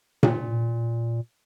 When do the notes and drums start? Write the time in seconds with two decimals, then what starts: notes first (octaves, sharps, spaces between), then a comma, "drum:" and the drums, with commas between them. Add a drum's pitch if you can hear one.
0.23 A#2, drum: tom A#2